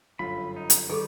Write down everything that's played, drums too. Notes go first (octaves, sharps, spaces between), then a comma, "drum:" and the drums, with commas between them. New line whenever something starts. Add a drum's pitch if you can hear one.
G1 F#2 F4 B5
D#4
drum: hi-hat
D#3 G3 G#4 A4 C#6 D6